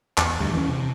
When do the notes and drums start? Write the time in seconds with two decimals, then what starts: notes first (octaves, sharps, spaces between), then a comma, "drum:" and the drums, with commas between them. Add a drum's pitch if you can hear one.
0.18 E2, drum: clap
0.40 D2 G2
0.53 E3 A#3 C#4
0.69 C3